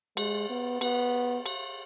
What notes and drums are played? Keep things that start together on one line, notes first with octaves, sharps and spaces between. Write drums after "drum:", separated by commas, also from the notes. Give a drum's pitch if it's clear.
G#3, drum: cymbal
B3
B3, drum: cymbal
drum: cymbal